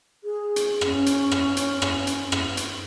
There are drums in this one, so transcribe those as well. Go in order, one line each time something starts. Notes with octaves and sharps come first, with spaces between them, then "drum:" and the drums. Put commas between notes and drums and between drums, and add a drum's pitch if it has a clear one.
G#4
drum: hi-hat
C#4, drum: rim click
drum: hi-hat
drum: rim click
drum: hi-hat
drum: rim click
drum: hi-hat
drum: rim click
drum: hi-hat